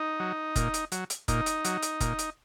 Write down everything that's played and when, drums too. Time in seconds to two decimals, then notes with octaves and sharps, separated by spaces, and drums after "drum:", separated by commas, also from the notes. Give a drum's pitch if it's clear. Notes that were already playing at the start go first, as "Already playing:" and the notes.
Already playing: D#4
0.20 F#3
0.56 A#2, drum: kick F1, hi-hat
0.74 drum: hi-hat
0.92 F#3, drum: hi-hat
1.10 drum: hi-hat
1.28 A#2 D#4, drum: kick F1, hi-hat
1.46 drum: hi-hat
1.65 F#3, drum: hi-hat
1.82 drum: hi-hat
2.01 A#2, drum: kick F1, hi-hat
2.19 drum: hi-hat